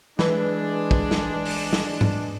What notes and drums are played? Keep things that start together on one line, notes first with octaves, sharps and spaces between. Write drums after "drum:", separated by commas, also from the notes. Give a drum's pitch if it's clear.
E3 G#3 D4 B4, drum: snare
drum: kick
drum: snare
drum: open hi-hat
drum: snare
drum: tom G#2